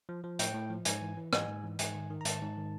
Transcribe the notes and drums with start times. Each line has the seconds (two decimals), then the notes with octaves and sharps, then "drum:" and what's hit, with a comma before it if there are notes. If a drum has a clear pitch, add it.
0.09 F3
0.24 F3
0.39 A2 G5, drum: hi-hat
0.54 A2
0.70 F3
0.85 G#2 G#5, drum: hi-hat
1.01 E3
1.17 E3
1.33 G#2 G#5, drum: rim click
1.48 G#2
1.64 E3
1.79 G#2 G#5, drum: hi-hat
1.95 D#3
2.10 D#3
2.21 A#5
2.25 G#2 A5, drum: hi-hat
2.42 G#2
2.57 D#3